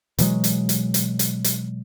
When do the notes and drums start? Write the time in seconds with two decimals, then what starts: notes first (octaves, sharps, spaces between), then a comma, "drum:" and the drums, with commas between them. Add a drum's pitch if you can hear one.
0.18 B2 E3 F#3 G#3, drum: hi-hat
0.44 drum: hi-hat
0.69 drum: hi-hat
0.94 drum: hi-hat
1.19 drum: hi-hat
1.44 drum: hi-hat